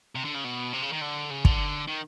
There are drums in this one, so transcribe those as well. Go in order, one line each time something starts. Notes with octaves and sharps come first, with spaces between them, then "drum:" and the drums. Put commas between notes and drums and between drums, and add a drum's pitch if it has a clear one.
C3
D3
C#3
B2
C3
C#3
D#3
D3
C#3
D3, drum: kick
D#3